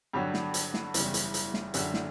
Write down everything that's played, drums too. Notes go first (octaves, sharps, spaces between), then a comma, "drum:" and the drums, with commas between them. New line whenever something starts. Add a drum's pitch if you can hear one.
G2 D3 F#3 G4
drum: snare
drum: hi-hat
drum: snare
F#1 E2 C#3 G3, drum: hi-hat
drum: hi-hat
drum: hi-hat
drum: snare
F#1 F#2 D3 F#3 G4, drum: hi-hat
drum: snare